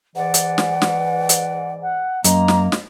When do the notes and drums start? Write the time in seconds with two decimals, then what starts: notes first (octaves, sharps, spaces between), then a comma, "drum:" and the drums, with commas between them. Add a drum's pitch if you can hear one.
0.16 G#2 E3 D5 F#5
0.34 drum: hi-hat
0.58 drum: snare
0.82 drum: snare
1.29 drum: hi-hat
1.82 F#5
2.24 F#2 A#3 D#5 A#5, drum: hi-hat
2.48 drum: snare
2.72 drum: snare